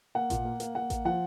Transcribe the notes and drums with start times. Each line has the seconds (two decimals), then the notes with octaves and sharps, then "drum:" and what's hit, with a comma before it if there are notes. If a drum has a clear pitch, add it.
0.15 A#3 F#5
0.30 A#2, drum: kick A1, hi-hat
0.45 A#3
0.60 A#3, drum: hi-hat
0.75 A#3 F#5
0.90 A#3, drum: kick A1, hi-hat
1.05 F3 F#5